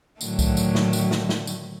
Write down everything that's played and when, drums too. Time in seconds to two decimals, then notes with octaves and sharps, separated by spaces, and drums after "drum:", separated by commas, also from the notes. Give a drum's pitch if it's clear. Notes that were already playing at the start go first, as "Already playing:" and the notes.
0.21 A2 D3 D#3 F#3 A3, drum: tambourine
0.39 drum: kick C2, tambourine
0.57 drum: tambourine
0.75 drum: snare
0.93 drum: tambourine
1.11 drum: snare
1.29 drum: snare
1.47 drum: tambourine